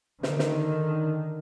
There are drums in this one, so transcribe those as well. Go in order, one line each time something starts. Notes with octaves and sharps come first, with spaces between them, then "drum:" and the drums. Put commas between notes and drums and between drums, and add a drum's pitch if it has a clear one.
D3 D#3, drum: snare
drum: snare